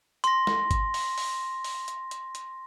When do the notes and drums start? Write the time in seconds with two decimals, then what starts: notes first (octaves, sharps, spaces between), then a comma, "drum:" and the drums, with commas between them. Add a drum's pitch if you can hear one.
0.24 C6 A#6, drum: hi-hat
0.47 drum: snare
0.71 drum: kick, hi-hat
0.94 drum: open hi-hat
1.18 drum: open hi-hat
1.64 drum: open hi-hat
1.88 drum: hi-hat
2.11 drum: hi-hat
2.35 drum: hi-hat